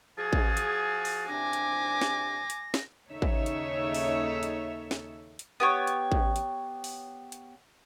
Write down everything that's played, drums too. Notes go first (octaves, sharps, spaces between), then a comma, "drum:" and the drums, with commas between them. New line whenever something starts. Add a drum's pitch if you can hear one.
F3 F#4 G#4 A6
drum: kick A1
drum: hi-hat
drum: open hi-hat
C3 D4 G#5 D6 A#6
drum: hi-hat
drum: snare
drum: hi-hat
drum: snare
D#2 C#3 D#4 A4 C#5 E5
drum: kick A1
drum: hi-hat
drum: open hi-hat
drum: hi-hat
drum: snare
drum: hi-hat
B3 G4 C#5
drum: hi-hat
drum: kick A1
drum: hi-hat
drum: open hi-hat
drum: hi-hat